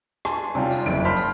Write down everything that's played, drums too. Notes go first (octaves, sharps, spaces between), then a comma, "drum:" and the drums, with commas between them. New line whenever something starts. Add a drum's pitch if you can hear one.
G#5 A5 C6, drum: rim click
C3 G3 C#4 F4
drum: tambourine
F#1 F2 D7
C5 A5 B5 C6 F6 B6
drum: tambourine